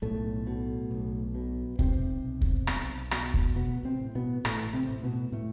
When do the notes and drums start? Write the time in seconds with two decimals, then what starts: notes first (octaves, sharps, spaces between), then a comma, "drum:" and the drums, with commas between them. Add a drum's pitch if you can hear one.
0.02 B1 A2 A3
0.47 B2
0.91 B1
1.35 B2
1.79 B1 C3 C4, drum: kick
2.24 B2
2.41 drum: kick
2.67 B1, drum: rim click
3.11 B2, drum: rim click
3.34 drum: kick
3.56 A1 B2 B3
3.85 C3 C4
4.01 A2
4.15 B2 B3
4.45 A1 A2 A3, drum: rim click
4.73 C3 C4
4.89 A2
5.03 B2 B3
5.32 A2 A3